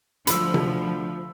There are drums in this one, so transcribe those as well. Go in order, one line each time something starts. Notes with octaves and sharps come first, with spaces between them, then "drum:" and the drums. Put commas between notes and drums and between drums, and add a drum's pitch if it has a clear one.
D2 F3 B5 E6, drum: hi-hat
drum: tom C3